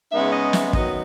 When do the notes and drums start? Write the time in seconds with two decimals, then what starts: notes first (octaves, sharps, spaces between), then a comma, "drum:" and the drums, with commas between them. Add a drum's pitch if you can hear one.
0.12 C#3 G#3 B3 D#4 E5
0.32 D#5
0.53 E5, drum: snare
0.73 D#3 F#3 B3 D#4 D#5, drum: kick